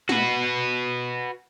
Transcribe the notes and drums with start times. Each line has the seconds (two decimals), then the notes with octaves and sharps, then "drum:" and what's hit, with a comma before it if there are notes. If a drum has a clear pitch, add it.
0.09 F#4 B4, drum: snare